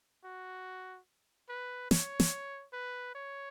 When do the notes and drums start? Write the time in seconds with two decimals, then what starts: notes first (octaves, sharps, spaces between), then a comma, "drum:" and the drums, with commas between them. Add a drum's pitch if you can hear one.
0.24 F#4
1.49 B4
1.91 C#5, drum: snare
2.20 drum: snare
2.73 B4
3.15 C#5